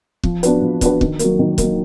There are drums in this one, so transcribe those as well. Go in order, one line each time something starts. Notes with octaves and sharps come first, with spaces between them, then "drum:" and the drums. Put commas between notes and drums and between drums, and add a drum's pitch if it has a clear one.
F3, drum: kick
B3 D4 F#4 B4, drum: hi-hat
F3
B3 D4 F#4 B4, drum: kick, hi-hat
D#3, drum: kick
F#3 A#3, drum: hi-hat
D#3
F#3 A#3, drum: kick, hi-hat